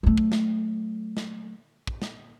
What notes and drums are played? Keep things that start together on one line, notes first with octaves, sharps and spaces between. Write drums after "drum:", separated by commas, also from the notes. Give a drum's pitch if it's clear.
F#3 A3
drum: kick
drum: snare
drum: snare
drum: kick
drum: snare